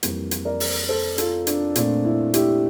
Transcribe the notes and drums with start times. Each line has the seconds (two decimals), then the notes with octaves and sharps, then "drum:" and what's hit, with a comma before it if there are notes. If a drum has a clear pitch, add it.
0.03 F2 E3 G3 A#3, drum: hi-hat
0.31 drum: hi-hat
0.45 A#4 D5
0.60 drum: open hi-hat
0.89 A4 C5
1.18 F4 A4, drum: hi-hat
1.47 D4, drum: hi-hat
1.76 A#2 A3 C4 D4, drum: hi-hat
2.05 E4
2.34 E4 G4, drum: hi-hat